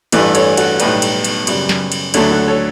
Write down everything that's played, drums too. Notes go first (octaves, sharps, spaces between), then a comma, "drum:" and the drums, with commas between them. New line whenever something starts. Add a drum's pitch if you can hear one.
A1 G2 E3 A3 B4 D5, drum: cymbal
A4 C#5, drum: cymbal
F#4 A4, drum: cymbal
B1 A2 G3 G4 B4, drum: cymbal
drum: cymbal
drum: cymbal
F#2 C#3 G3, drum: cymbal
drum: snare
drum: cymbal
D2 D3 F#3 A3 A4 C#5, drum: cymbal
F#4 A4
A4 C#5